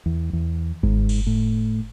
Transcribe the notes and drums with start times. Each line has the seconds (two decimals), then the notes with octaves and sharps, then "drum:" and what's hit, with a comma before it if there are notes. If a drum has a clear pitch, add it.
0.06 E2
0.33 E2
0.83 G#2, drum: kick G1
1.09 drum: cymbal
1.27 A2